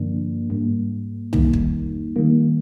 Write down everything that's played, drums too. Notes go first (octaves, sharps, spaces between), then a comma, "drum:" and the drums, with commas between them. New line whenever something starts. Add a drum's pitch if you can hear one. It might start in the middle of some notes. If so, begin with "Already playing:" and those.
Already playing: G2 D3 F3 A#3 D4
G#2 G3 A#3
F2 D#3 G3 A#3 D#4, drum: tom
drum: kick
D#3 G3 A#3